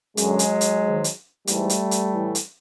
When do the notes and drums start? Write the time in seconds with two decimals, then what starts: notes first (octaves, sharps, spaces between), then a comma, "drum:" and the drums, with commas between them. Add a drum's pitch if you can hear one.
0.17 F#2 D3 F#3 G#3, drum: hi-hat
0.39 drum: hi-hat
0.61 drum: hi-hat
0.82 G#2 D#3
1.04 drum: hi-hat
1.47 G#2 E3 G3 A3, drum: hi-hat
1.70 drum: hi-hat
1.91 drum: hi-hat
2.12 A2 E3
2.35 drum: hi-hat